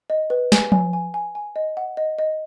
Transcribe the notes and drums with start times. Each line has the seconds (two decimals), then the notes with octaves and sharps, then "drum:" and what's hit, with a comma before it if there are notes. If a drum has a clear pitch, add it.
0.10 D#5
0.30 B4
0.52 G#5, drum: snare
0.72 G#5, drum: tom F3
0.93 G#5
1.14 G#5
1.35 G#5
1.56 D#5
1.77 F#5
1.97 D#5
2.19 D#5